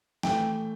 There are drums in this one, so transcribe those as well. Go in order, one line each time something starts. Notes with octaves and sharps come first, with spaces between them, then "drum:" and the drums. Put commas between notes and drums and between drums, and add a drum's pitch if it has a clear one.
E3 A3 G5, drum: snare